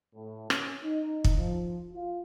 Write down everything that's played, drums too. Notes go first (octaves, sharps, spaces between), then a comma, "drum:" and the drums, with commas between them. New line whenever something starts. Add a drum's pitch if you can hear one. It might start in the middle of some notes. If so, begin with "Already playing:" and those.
A2
C#4, drum: rim click
D#4
drum: kick
F3
F4